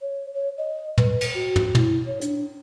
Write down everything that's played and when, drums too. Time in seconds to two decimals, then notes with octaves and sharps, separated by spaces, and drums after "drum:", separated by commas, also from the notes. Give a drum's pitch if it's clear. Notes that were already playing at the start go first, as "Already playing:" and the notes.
0.01 C#5
0.34 C#5
0.58 D#5
0.98 B4, drum: tom
1.21 drum: cymbal
1.35 F#4
1.56 drum: tom
1.75 E4, drum: tom
2.06 C#5
2.21 D4, drum: hi-hat